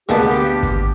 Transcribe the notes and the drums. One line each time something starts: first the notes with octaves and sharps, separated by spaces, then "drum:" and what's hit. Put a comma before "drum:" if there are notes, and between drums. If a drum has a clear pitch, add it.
D2 G#3 A#3 B3 G4 A5, drum: hi-hat
drum: kick G#1, hi-hat